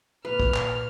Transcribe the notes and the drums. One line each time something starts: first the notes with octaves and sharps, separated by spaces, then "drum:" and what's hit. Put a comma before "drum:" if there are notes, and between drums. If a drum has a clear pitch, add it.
A#2 B4 F6
drum: kick
drum: clap